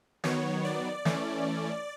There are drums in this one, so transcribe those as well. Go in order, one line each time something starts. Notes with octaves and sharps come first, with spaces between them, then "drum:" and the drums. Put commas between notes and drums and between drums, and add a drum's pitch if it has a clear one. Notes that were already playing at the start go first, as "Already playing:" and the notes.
D#3 F#3 B3 C#5, drum: snare
D5
E3 A3 C#4, drum: snare